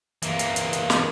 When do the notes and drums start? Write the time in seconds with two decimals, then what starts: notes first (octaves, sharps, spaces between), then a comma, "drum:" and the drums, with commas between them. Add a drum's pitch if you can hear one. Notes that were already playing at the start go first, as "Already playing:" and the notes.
0.22 E3 A#3, drum: hi-hat
0.39 drum: hi-hat
0.56 drum: hi-hat
0.73 drum: hi-hat
0.90 drum: snare